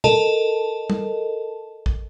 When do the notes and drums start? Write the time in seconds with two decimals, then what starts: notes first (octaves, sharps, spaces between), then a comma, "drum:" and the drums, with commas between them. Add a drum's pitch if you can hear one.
0.04 A4 A#4 D#5 A5, drum: tom B2
0.90 drum: tom
1.86 drum: kick